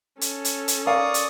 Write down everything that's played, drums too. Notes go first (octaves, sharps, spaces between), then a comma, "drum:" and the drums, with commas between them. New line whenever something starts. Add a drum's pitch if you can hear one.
C#4 A4, drum: hi-hat
drum: hi-hat
drum: hi-hat
A#4 D5 F5 C#6 D#6
drum: hi-hat